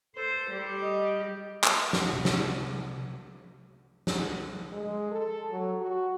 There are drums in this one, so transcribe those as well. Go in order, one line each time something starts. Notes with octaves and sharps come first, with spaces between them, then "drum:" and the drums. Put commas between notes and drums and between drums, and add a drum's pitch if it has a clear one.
A4 C5
G3 G4
D#5
drum: clap
drum: snare
C3
drum: snare
drum: snare
G#3
A4
F#3
F#4